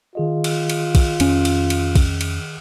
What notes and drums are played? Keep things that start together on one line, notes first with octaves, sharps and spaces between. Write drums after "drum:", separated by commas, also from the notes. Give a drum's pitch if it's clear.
D#3 F4 G#4 D#5
drum: cymbal
drum: cymbal
drum: kick, cymbal
F2 C#4, drum: cymbal
drum: cymbal
drum: cymbal
drum: kick, cymbal
drum: cymbal